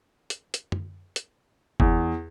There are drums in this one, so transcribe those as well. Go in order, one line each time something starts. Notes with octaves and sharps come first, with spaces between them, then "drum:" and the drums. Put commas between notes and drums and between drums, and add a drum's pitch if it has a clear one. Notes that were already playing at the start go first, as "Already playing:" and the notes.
drum: hi-hat
drum: hi-hat
drum: tom
drum: hi-hat
E2, drum: kick F#1